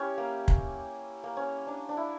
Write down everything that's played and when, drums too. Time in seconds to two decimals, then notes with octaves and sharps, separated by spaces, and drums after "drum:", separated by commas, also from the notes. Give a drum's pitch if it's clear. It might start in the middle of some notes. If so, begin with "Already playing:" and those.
Already playing: C#4 E4 G4
0.18 A#3
0.48 drum: kick
1.24 A#3
1.37 C#4
1.67 D4
1.89 D4
1.97 E4